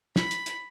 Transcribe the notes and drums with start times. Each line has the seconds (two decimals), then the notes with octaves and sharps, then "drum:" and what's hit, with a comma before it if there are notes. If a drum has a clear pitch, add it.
0.16 B5, drum: snare
0.31 drum: hi-hat
0.46 drum: hi-hat